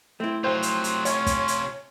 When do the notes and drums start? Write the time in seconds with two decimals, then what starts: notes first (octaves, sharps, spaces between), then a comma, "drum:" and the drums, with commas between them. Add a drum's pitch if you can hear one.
0.20 A3 C4 E4
0.44 C3 F#3 F4 C5 G5
0.63 drum: hi-hat
0.84 drum: hi-hat
1.05 C#4 C#5, drum: hi-hat
1.26 drum: kick, hi-hat
1.48 drum: hi-hat